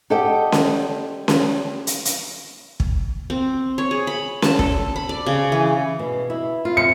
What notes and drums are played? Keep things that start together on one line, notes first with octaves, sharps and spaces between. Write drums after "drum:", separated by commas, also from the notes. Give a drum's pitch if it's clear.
G4 A4 D5 D#5 F#5 G5
drum: snare C#4
drum: snare C#4
drum: hi-hat
drum: hi-hat
drum: kick
C4
C#5
G#4
B5
A5, drum: snare C#4
A4, drum: kick
B5
D5
C#3
E3
B2
E4
F4
F2 C#7